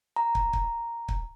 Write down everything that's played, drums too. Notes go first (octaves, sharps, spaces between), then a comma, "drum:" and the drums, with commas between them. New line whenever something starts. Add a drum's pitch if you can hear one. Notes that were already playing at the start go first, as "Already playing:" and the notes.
A#5
drum: kick
drum: kick
drum: kick